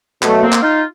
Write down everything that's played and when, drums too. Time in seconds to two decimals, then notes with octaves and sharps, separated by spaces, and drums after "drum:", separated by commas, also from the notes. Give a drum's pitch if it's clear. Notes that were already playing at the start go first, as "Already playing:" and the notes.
0.23 B2 F#3 A3, drum: clap
0.42 A#3 C4
0.53 drum: clap
0.62 D#4 F4